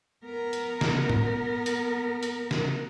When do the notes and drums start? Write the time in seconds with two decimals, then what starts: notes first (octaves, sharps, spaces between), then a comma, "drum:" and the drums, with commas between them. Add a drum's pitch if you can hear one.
0.25 B3 A#4
0.53 drum: hi-hat
0.81 drum: snare
1.09 drum: tom A2
1.66 drum: hi-hat
2.23 drum: hi-hat
2.51 drum: snare